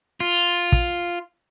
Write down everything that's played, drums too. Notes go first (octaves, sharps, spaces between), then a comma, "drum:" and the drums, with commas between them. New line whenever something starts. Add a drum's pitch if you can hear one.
F4
drum: kick